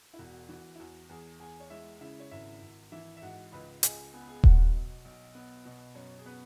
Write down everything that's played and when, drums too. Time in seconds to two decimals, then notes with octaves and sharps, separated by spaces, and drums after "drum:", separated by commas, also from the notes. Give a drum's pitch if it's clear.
0.13 E4
0.19 E1 F#4
0.49 E3 F#4
0.75 E4
0.79 E2 F#4
1.09 E2 G#4 G#5
1.40 E2 G#4 G#5
1.60 C#5
1.70 G#3 E4 E5
2.01 C#3 E4 E5
2.19 C#5
2.31 G#1 E4 E5
2.62 G#1
2.92 E3 E4 E5
3.17 E5
3.22 G#2 F#4 F#5
3.52 C#2 B4 B5
3.83 C#2 G#4 G#5, drum: hi-hat
4.13 B3 G#5
4.20 B5
4.28 G#4 G#5
4.44 B2 F#4 F#5, drum: kick D#1
4.74 B1
5.04 B1
5.35 B3
5.65 B2
5.95 F#2 C#4 C#5
6.18 G#4
6.26 B3 B4